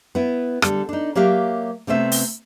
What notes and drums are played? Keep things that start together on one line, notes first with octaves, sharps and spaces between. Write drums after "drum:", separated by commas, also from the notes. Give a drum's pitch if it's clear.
B3 E4
D3 G3 A4, drum: rim click
D4 D#4
F#3 A#3 G4 A#4 E5 F5
C3 A3 B3 C4 E5
drum: open hi-hat